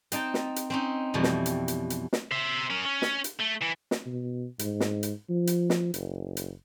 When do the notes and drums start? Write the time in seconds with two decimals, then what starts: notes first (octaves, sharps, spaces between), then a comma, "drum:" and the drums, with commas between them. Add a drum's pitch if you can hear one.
0.12 C4 D#4 G5 A5, drum: hi-hat
0.34 drum: snare
0.56 drum: hi-hat
0.70 C4 C#4 D#4
1.14 F2 B2 E3 G3
1.23 drum: snare
1.46 drum: hi-hat
1.68 drum: hi-hat
1.90 drum: hi-hat
2.13 drum: snare
2.31 C5 E5
2.70 C#4 A#4
2.85 C#4
3.02 drum: snare
3.24 drum: hi-hat
3.39 A3
3.61 E3
3.91 drum: snare
4.06 B2
4.59 G#2, drum: hi-hat
4.80 drum: snare
5.03 drum: hi-hat
5.29 F3
5.47 drum: hi-hat
5.70 drum: snare
5.94 F#1, drum: hi-hat
6.37 drum: hi-hat